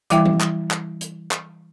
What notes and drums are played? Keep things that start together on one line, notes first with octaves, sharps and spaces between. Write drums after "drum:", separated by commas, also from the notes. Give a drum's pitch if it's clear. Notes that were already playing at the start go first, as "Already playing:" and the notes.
E3 G3 E4 E5 G5 D6, drum: hi-hat
drum: tom F3
drum: clap
drum: clap
drum: hi-hat
drum: clap